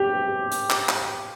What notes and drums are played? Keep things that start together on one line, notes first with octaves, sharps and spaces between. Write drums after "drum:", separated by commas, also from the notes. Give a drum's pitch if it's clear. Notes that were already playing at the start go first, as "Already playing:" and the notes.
Already playing: G4
drum: hi-hat
drum: clap
drum: clap